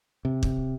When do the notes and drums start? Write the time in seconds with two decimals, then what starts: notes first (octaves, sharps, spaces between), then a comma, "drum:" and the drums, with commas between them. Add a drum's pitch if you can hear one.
0.25 C3
0.43 drum: kick